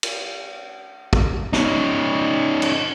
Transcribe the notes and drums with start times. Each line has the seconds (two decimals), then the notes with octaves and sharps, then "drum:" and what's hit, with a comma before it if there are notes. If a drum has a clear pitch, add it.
0.03 drum: cymbal
1.13 drum: kick
1.53 C#4 D#4, drum: snare
2.62 drum: cymbal